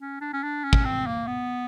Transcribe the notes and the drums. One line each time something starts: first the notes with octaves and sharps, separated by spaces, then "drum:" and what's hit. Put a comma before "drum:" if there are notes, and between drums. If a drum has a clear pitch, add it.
C#4
D4
C#4
D4
C#4
drum: kick
C4
A#3
B3